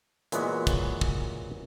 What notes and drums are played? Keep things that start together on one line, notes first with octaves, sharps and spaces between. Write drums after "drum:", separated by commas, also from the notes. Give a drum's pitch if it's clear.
A#2 E3 F#3 G#3 B3, drum: hi-hat
drum: kick, hi-hat
drum: kick